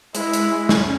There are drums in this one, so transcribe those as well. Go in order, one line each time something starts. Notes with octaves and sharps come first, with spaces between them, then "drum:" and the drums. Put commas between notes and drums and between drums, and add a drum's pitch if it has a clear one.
G#3 E4, drum: hi-hat
drum: hi-hat
C#4, drum: snare